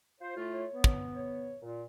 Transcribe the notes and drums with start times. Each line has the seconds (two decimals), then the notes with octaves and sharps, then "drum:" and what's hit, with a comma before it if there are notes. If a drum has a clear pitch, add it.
0.21 F4 C5
0.35 A2 A3 F4
0.53 C#5
0.73 B3
0.84 drum: kick
1.13 C#5
1.62 A#2